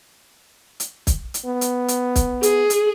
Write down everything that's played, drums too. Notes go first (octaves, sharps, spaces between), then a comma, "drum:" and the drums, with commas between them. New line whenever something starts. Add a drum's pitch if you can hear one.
drum: hi-hat
drum: kick, hi-hat
drum: hi-hat
B3
drum: hi-hat
drum: hi-hat
drum: kick, hi-hat
G#4, drum: hi-hat
drum: hi-hat